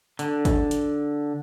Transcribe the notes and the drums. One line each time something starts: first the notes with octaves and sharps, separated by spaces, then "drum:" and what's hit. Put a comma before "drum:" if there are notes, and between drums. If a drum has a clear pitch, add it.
D3, drum: hi-hat
drum: kick, hi-hat
drum: hi-hat